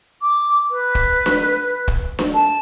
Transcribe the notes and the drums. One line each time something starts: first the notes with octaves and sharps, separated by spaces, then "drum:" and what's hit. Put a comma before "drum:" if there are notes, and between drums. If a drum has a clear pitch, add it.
D6
B4
drum: kick
drum: snare D4
drum: kick
drum: snare D4
A5